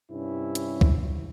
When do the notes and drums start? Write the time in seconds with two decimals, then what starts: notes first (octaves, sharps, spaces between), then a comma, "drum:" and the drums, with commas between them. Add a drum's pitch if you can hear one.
0.11 G2 C3 C#4 E4
0.55 drum: hi-hat
0.81 drum: kick